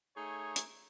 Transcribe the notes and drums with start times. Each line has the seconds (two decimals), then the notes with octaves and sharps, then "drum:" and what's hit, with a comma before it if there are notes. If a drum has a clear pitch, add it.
0.17 A3 D#4 G#4 C#5
0.56 drum: hi-hat